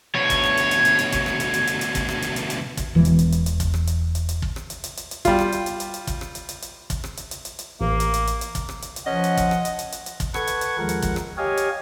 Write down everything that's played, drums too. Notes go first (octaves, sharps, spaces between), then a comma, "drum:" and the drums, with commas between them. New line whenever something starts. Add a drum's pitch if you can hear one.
D2 B2 C#5
drum: kick, hi-hat
drum: rim click
drum: hi-hat
drum: hi-hat
drum: hi-hat
drum: hi-hat
drum: kick, hi-hat
drum: rim click
drum: hi-hat
drum: hi-hat
drum: hi-hat
drum: hi-hat
drum: kick, hi-hat
drum: rim click
drum: hi-hat
drum: hi-hat
drum: hi-hat
drum: kick, hi-hat
E1 E2 E3
drum: hi-hat
drum: hi-hat
drum: hi-hat
drum: hi-hat
drum: kick, hi-hat
drum: rim click
drum: hi-hat
drum: hi-hat
drum: hi-hat
drum: kick
drum: rim click
drum: hi-hat
drum: hi-hat
drum: hi-hat
drum: hi-hat
G3 F4, drum: kick, hi-hat
drum: rim click
drum: hi-hat
drum: hi-hat
drum: hi-hat
drum: hi-hat
drum: kick, hi-hat
drum: rim click
drum: hi-hat
drum: hi-hat
drum: hi-hat
drum: kick, hi-hat
drum: rim click
drum: hi-hat
drum: hi-hat
drum: hi-hat
drum: hi-hat
A1 A#3
drum: hi-hat
drum: hi-hat
drum: hi-hat
drum: hi-hat
drum: kick, hi-hat
drum: rim click
drum: hi-hat
drum: hi-hat
F3 C#4 D#5 F#5
drum: hi-hat
drum: kick, hi-hat
drum: rim click
drum: hi-hat
drum: hi-hat
drum: hi-hat
drum: hi-hat
drum: kick, hi-hat
A4 B4 F#5 C#6 G#6, drum: rim click
drum: hi-hat
drum: hi-hat
D#2 F3 G#3 A#4 F#5
drum: hi-hat
drum: kick, hi-hat
drum: rim click
G4 C#5 D#5 F5 G#5
drum: hi-hat